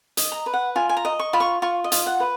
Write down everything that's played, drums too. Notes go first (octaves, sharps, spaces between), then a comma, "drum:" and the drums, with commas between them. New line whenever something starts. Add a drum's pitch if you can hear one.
D#5, drum: hi-hat
A#5
B4
F#5
F4 G#5
G#5
A#5
D#5
C#6
F4 B5
C#6
F4 C#6
D#5
F4, drum: hi-hat
F#5
B4